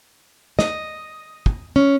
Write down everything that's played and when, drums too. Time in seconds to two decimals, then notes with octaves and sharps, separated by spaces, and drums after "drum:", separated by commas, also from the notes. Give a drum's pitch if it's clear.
0.59 D#5, drum: snare
1.46 drum: kick
1.76 C#4